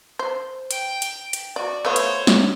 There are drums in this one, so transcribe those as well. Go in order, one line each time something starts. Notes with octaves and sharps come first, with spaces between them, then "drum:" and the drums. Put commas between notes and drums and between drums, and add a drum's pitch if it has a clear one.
C5
G5, drum: hi-hat
drum: hi-hat
drum: hi-hat
F#4 D5
A3 B3 F4 C5 C#5
drum: hi-hat
drum: snare